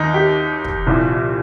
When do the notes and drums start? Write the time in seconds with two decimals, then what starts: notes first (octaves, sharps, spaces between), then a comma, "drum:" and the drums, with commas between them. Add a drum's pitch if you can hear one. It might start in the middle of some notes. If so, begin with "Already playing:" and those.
Already playing: D#2 D#3 D#4
0.14 G4
0.65 drum: kick
0.86 C2 A#2 F3